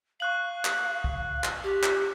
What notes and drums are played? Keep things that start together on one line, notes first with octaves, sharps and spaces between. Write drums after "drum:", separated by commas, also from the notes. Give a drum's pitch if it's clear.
F5 C#6 F#6 F#7
drum: clap
drum: kick
drum: clap
G4
drum: clap